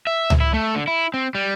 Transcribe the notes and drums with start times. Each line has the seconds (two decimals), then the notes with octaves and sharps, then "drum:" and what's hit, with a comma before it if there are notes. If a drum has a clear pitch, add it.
0.07 E5
0.30 drum: tom C#2
0.40 E4
0.54 A3
0.75 D3
0.88 E4
1.14 C4
1.35 G3